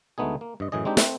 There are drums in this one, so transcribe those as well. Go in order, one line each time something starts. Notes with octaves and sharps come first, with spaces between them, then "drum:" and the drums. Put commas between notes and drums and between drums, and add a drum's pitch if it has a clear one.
D2 G#3 A3 B3 D#4 G#4
A#3
G2 D#5
F#2 A2 E3 G#4 D#5
G#3 C4 D4 D#4 G4
A3 C4, drum: snare